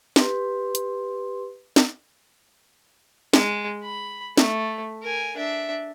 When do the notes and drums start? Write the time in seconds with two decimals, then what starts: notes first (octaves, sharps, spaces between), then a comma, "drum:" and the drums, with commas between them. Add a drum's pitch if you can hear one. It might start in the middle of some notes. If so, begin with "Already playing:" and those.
0.16 G4 B4 C6, drum: snare
0.75 drum: hi-hat
1.76 drum: snare
3.33 G#3, drum: snare
3.83 B5
4.38 A3, drum: snare
5.03 A#4 G#5
5.37 D4 E5